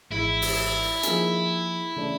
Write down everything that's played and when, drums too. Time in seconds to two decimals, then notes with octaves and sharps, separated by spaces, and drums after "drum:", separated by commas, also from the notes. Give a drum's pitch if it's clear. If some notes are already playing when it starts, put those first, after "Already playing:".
0.10 G#1 G#2 E3 G#3 E4
0.42 drum: open hi-hat
1.03 F3 A#3 D#4 G#4, drum: hi-hat
1.96 C#3 E3 A3 D4